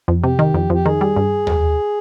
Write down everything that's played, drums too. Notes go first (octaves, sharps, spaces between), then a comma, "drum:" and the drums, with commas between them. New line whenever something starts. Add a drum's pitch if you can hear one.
F2
C3 G4
D#3
F2
F2 G4
D#3 G#4
G3
G2
drum: tom D#2